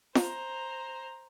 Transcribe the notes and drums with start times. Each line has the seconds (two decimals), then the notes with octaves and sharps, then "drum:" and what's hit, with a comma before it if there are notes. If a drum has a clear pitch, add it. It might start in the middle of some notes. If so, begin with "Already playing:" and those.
0.15 C5 A#5, drum: snare F4